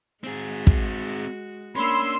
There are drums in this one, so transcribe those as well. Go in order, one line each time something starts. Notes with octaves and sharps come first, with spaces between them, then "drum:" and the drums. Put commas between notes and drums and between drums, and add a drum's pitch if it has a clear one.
G#3 C4 F#4 G#4
drum: kick
A#3 C#4 D4 B5 C6 E6